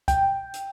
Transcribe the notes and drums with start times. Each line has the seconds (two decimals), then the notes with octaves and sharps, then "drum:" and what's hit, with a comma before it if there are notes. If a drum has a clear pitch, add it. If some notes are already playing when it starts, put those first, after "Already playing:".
0.08 G5, drum: kick, hi-hat
0.54 drum: hi-hat